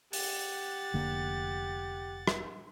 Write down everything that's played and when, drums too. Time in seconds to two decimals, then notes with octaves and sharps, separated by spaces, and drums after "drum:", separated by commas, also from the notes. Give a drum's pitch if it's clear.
0.13 G4 F#5 A6, drum: open hi-hat
0.94 F1 D3 A#3
2.27 drum: rim click